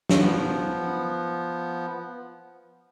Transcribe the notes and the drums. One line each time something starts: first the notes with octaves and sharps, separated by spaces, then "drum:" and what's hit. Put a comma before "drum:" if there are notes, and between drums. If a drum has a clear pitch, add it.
drum: snare
F3 B3